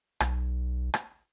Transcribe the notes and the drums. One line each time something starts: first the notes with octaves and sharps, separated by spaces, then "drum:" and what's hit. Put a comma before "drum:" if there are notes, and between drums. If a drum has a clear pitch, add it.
B1, drum: rim click
drum: rim click